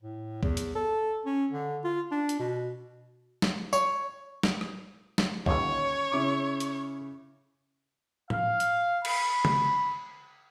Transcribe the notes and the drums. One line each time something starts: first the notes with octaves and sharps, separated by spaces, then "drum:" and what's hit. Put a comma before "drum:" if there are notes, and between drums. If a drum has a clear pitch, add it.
A2
E2, drum: kick
drum: hi-hat
A4
C#4
D3
F4
D4
drum: hi-hat
B2
drum: snare
C#5, drum: tambourine
drum: snare
drum: rim click
drum: snare
G1 D#2 C#4 C#5, drum: kick
C#3 E4 D6
drum: hi-hat
F5, drum: tom A2
drum: hi-hat
B5, drum: cymbal
drum: tom C#3